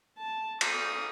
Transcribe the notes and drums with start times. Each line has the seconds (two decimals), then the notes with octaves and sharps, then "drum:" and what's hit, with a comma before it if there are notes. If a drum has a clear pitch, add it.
0.18 A5
0.61 D#6, drum: cymbal